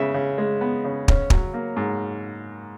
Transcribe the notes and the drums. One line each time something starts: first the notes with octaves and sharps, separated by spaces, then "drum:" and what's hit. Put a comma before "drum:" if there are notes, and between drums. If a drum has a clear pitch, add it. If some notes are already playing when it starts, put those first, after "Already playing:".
Already playing: C#3 G#3 B3 E5
C#3
G#3
B3
C#3
C#4, drum: kick
F#3, drum: kick
A#3
G#2